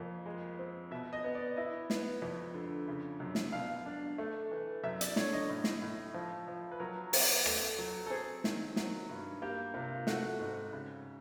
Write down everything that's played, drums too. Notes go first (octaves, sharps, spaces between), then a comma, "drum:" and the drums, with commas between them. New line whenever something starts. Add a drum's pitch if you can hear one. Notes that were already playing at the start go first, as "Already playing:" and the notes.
Already playing: F2 A#3
G#3
C4
B2 E5
D#5
B3 D#5
D5
E4 D#5
B3, drum: snare
F2
D3
C#3
F#2
drum: snare
B2 F5
D4
A3
E3
F#2 E5
D5, drum: hi-hat
D3 C#5, drum: snare
D#5
A2
drum: snare
A2
F3
F3
B4
F#3 A#4
B3, drum: open hi-hat
A3, drum: rim click
F#3
A4
C4 G#4
D#3, drum: snare
F#3, drum: snare
G2
A#3 G4
C3 F4
F4
A3 F#4, drum: snare
G#2
C#3